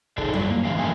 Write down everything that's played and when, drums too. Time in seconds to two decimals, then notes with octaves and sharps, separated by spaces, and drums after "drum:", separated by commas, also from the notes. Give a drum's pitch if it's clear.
0.18 D#4 G#4 A4 D5, drum: kick
0.34 F#3 G3 E4, drum: tom F#2
0.50 A#3
0.65 G#2 D3 E3 C#4 G4 F5
0.76 F3 A3 A#3 D4 B4 G#5